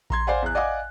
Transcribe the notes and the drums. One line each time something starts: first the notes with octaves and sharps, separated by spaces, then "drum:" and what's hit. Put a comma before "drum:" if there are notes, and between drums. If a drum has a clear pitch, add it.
A#5 C6 G#6, drum: kick A#1
C5 D5 F5 F#5 G#5
E2 F#6
D5 D#5 F5 F#5 G#5 D6